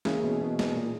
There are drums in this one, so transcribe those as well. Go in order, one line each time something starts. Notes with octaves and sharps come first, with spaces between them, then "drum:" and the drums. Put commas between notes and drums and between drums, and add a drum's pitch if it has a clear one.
C#3 E3 A#3 C#4 E4 G#4, drum: snare
B2
B2
B2, drum: snare
A#2